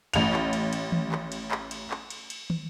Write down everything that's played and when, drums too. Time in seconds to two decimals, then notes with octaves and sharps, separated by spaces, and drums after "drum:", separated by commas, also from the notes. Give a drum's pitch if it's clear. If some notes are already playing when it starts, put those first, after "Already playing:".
0.14 A1 F7, drum: cymbal
0.33 drum: clap
0.53 drum: cymbal
0.73 drum: cymbal
0.92 drum: tom D#3
1.12 drum: clap
1.32 drum: cymbal
1.51 drum: clap
1.71 drum: cymbal
1.91 drum: clap
2.10 drum: cymbal
2.30 drum: cymbal
2.50 drum: tom